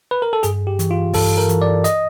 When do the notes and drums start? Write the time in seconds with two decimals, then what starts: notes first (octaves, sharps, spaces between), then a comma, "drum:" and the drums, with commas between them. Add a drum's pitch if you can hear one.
0.11 B4
0.22 A#4
0.33 A4
0.43 G2 G#4, drum: hi-hat
0.67 G4
0.79 E3, drum: hi-hat
0.91 F4
1.14 G2 A4, drum: kick, open hi-hat
1.38 A#4
1.49 E3, drum: hi-hat
1.62 D5
1.84 D#5, drum: hi-hat